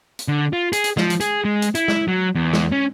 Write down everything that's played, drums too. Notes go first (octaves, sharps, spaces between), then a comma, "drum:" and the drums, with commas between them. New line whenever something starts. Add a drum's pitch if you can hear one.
drum: hi-hat
D3
F4
G#4, drum: hi-hat
drum: hi-hat
F3, drum: snare
drum: hi-hat
G#4, drum: hi-hat
G#3
drum: hi-hat
E4, drum: hi-hat
drum: snare
F#3
E2
drum: snare
C#4